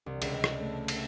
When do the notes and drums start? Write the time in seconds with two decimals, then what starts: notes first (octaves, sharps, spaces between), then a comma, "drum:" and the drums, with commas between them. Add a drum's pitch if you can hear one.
0.06 C2
0.22 C#2, drum: cymbal
0.44 drum: rim click
0.60 A3
0.88 drum: cymbal